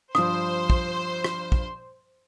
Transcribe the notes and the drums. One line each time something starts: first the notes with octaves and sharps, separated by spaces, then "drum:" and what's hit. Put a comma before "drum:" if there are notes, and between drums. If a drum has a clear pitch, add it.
G2 F3 C5 C6 D#6, drum: rim click
drum: kick
drum: rim click
drum: kick